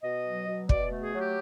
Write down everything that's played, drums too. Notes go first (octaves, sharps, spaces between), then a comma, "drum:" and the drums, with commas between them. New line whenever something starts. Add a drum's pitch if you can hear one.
B2 D#5
F#3
B2
B2 D5, drum: kick
A3
G#4
F#3
G4